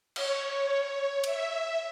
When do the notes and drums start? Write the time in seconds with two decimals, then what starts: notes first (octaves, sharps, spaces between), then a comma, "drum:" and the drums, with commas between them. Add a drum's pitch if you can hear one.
0.16 C#5, drum: cymbal
0.81 C#5
1.24 E5, drum: cymbal